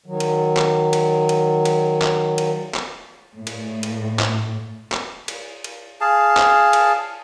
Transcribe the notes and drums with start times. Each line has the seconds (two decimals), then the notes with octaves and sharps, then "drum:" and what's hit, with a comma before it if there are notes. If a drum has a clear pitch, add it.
0.06 D#3 F#3
0.20 drum: cymbal
0.57 drum: clap
0.93 drum: cymbal
1.29 drum: cymbal
1.65 drum: cymbal
2.02 drum: clap
2.38 drum: cymbal
2.74 drum: clap
3.36 A2
3.47 drum: cymbal
3.83 drum: cymbal
4.19 drum: clap
4.92 drum: clap
5.28 drum: cymbal
5.64 drum: cymbal
6.01 G#4 F5 A5
6.37 drum: clap
6.73 drum: cymbal